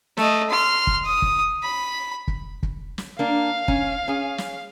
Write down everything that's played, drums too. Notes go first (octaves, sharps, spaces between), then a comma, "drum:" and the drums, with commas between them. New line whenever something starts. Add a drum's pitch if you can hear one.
A3 D#5, drum: snare
C6 F6
drum: kick
D#6
drum: kick
B5
drum: kick
drum: kick
drum: snare
A#3 D4 F5
C#4, drum: kick
C#4 G#4
drum: snare